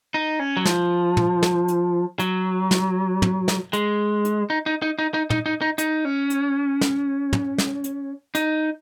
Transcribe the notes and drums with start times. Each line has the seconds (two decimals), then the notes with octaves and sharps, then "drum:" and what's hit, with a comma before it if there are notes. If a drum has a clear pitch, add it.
0.14 D#4
0.39 C#4
0.57 F#3
0.65 F3, drum: snare
1.17 drum: tom
1.43 drum: snare
1.68 drum: hi-hat
2.19 F#3, drum: hi-hat
2.71 drum: snare
3.22 drum: tom
3.48 drum: snare
3.73 G#3, drum: hi-hat
4.25 drum: hi-hat
4.50 D#4
4.66 D#4
4.82 D#4
4.99 D#4
5.14 D#4
5.30 D#4, drum: tom
5.46 D#4
5.62 D#4
5.78 D#4, drum: hi-hat
6.05 C#4
6.30 drum: hi-hat
6.81 drum: snare
7.33 drum: tom
7.58 drum: snare
7.84 drum: hi-hat
8.35 D#4, drum: hi-hat